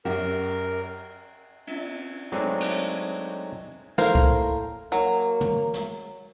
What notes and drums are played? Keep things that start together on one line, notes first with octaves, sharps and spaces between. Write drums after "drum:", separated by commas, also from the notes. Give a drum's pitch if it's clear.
F#2 G4 A#4 E5, drum: cymbal
drum: cymbal
F#3 G#3 A3 C4 D4 D#4, drum: hi-hat
drum: cymbal
A2 A#3 A#4 C5, drum: tom
drum: kick C2
F#3 A#3
drum: tom
drum: snare